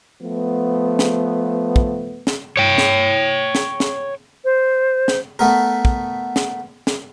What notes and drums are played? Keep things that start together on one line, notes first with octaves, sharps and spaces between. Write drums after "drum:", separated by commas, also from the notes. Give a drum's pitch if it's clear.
F3 A3 B3
drum: snare
drum: kick
drum: snare
C#5 G5
drum: snare
drum: snare
drum: snare
C5
drum: snare
A3 B3 A#4
drum: kick
drum: snare
drum: snare